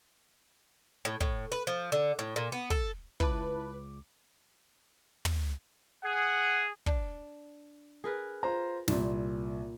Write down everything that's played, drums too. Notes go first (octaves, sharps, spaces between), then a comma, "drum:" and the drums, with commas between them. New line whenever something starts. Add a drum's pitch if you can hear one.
A2
A2, drum: kick
B4
F3
D3
A2
A#2
B3
A4, drum: kick
C#2 E4 B4 A5 D6, drum: kick
drum: tom
G#4 F#5
D4, drum: kick
G#4 A#4 B4
F4 C5 A#5
C2 A#2 E4, drum: snare